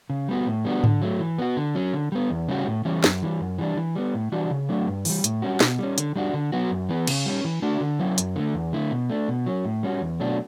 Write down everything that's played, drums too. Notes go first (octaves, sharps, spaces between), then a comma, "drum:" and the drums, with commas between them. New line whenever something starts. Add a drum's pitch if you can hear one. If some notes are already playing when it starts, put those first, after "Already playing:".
C#3
G3 B3 F#4
A2
G3 B3 D4 F#4
D3, drum: tom G#2
F#3 A3
E3
B3 F#4
D3
F#3 C#4
D3
G3 B3
E2
C#3 G3 C#4 F#4
A2
E3 G3 C#4
F#2, drum: snare
E3 G3
F#2
E3 G3 D4
E3
G3 B3
A2
E3 G3 D4 F#4
C#3
F#3 A3 D4 F#4
G2
E3 G3, drum: open hi-hat
A2, drum: hi-hat
G3 C#4 F#4
B2, drum: snare
G3 C#4
D3, drum: hi-hat
G3 D4 F#4
D3
F#3 B3 F#4
F#2
E3 B3
C#3, drum: cymbal
G3 C#4
E3
A3 D4 F#4
D3
F#3 C#4 E4
F#2, drum: hi-hat
D3 A3
E2
D3 A3 E4
B2
A3 D4
B2
F#3 C#4
A2
G3 C#4 F#4
E2
B2 F#3 A3 D4